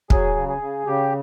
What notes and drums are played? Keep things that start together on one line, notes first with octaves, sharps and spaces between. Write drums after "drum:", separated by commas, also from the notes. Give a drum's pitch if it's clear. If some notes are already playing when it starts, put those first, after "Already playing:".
F#3 G#4, drum: kick
C#3
G#4
C#3
C#3 G4